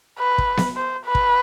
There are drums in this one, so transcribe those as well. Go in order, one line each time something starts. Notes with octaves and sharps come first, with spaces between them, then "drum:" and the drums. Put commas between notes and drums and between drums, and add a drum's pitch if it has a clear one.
B4
drum: kick
drum: snare B3
C5
B4
drum: kick